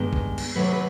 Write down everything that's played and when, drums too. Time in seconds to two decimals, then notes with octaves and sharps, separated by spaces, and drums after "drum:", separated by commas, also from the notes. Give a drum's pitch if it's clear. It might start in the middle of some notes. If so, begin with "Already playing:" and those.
Already playing: G2 D#3 G#3 B3
0.13 drum: kick
0.38 drum: cymbal
0.55 C3 D#3 F#3 A3 B4
0.73 B4